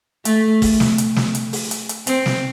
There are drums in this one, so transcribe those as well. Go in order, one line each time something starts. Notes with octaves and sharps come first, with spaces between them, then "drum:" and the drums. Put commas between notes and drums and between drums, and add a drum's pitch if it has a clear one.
A3, drum: hi-hat
drum: kick, open hi-hat
drum: snare
drum: hi-hat
drum: snare
drum: hi-hat
drum: open hi-hat
drum: hi-hat
drum: hi-hat
C4, drum: hi-hat
drum: snare